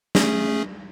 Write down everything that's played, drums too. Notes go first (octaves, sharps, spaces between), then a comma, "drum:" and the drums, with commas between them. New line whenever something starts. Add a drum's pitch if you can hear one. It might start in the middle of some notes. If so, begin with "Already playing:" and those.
A3 C#4 G#4, drum: snare